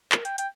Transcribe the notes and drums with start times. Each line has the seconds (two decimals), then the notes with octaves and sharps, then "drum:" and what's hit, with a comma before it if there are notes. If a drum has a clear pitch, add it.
0.12 A#4, drum: clap
0.25 G5, drum: hi-hat
0.38 G5, drum: hi-hat